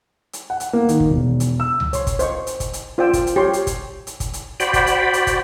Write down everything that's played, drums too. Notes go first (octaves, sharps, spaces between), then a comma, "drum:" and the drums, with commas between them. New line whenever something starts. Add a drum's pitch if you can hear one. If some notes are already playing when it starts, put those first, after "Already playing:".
drum: hi-hat
F#5
drum: hi-hat
A#3
D#3, drum: hi-hat
drum: kick
E1
drum: hi-hat
E6
drum: tom C#2
C#5 C6, drum: hi-hat
drum: kick, hi-hat
C5 D#5 C#6, drum: hi-hat
drum: hi-hat
drum: kick, hi-hat
drum: hi-hat
F4 C5 D5 G5 E6
drum: kick, hi-hat
drum: hi-hat
G4 C#5 C6
drum: hi-hat
drum: kick, hi-hat
drum: hi-hat
drum: kick, hi-hat
drum: hi-hat
F#4 C5 D5 G5 B5, drum: hi-hat
drum: kick, hi-hat
drum: hi-hat
drum: hi-hat
drum: kick, hi-hat